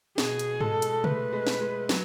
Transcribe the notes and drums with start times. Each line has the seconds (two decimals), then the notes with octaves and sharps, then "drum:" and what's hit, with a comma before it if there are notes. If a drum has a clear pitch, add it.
0.18 B2 G#4, drum: snare
0.39 drum: hi-hat
0.61 G#3 A4, drum: tom G#2
0.82 drum: hi-hat
1.04 A3 B4, drum: tom C3
1.33 G#3
1.47 drum: snare
1.61 G#3
1.89 F#3, drum: snare